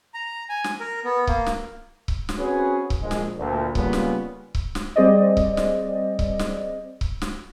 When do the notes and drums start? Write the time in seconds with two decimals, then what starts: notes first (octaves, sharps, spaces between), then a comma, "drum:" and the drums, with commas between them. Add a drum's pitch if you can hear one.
0.14 A#5
0.49 G#5
0.64 drum: snare
0.80 A#4
1.04 B3
1.27 A#3, drum: kick C#1
1.46 drum: snare
2.08 drum: kick C#1
2.29 drum: snare
2.38 C4 C#4 F#4 G#4 B4 C#5
2.90 drum: kick C#1
3.01 A#1 G#3
3.11 drum: snare
3.39 D2 A#2
3.75 C#3 G3 A#3 B3 C#4 F4, drum: kick C#1
3.93 drum: snare
4.55 drum: kick C#1
4.75 drum: snare
4.96 G3 C4 G#4 C5 D5 D#5
5.37 drum: kick C#1
5.57 drum: snare
6.19 drum: kick C#1
6.39 drum: snare
7.01 drum: kick C#1
7.22 drum: snare